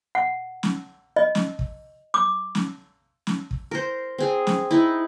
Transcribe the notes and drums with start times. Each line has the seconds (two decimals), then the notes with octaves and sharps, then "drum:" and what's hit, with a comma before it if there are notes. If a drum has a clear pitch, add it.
0.15 F#5
0.63 drum: snare
1.16 D#5
1.35 drum: snare
1.59 drum: kick
2.14 D6
2.55 drum: snare
3.27 drum: snare
3.51 drum: kick
3.71 A#4 C5
4.18 C4 G#4
4.47 drum: snare
4.71 D#4 E4